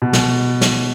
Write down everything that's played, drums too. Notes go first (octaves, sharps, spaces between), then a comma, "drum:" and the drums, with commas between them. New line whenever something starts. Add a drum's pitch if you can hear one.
B2
drum: snare
drum: snare